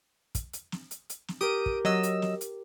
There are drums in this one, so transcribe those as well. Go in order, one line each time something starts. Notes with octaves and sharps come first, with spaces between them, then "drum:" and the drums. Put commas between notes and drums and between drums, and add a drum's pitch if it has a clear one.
drum: kick, hi-hat
drum: hi-hat
drum: snare
drum: hi-hat
drum: hi-hat
drum: snare
G4 A#4 D#6 D7 D#7
drum: kick
F#3 D#5 E6, drum: snare
drum: hi-hat
drum: snare
drum: hi-hat